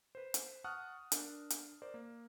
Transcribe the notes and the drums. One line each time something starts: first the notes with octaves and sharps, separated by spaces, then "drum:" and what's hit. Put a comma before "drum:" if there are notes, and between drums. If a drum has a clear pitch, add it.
B4 C5
drum: hi-hat
F#5 A5 C#6 D#6 F6 F#6
D4 A#4, drum: hi-hat
drum: hi-hat
A#4 C5 D5
A#3